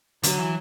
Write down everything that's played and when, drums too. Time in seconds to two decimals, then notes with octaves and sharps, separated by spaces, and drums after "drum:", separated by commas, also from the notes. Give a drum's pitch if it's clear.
0.23 D3 F#3, drum: hi-hat
0.38 E3